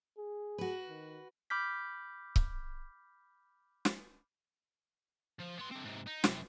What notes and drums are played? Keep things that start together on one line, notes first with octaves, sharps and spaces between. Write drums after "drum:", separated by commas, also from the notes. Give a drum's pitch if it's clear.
G#4
F#4 B4
D#3
B5 D6 F6 G6 B6
drum: kick C#1
drum: snare
F3
B3 C6
D3 C4
G#2 C3
D#4
F#2 C3, drum: snare